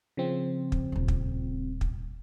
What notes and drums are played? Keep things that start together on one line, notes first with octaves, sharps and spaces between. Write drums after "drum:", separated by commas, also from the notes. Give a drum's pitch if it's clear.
C#3 F3 C4
drum: kick
D#1 F4
drum: kick
drum: kick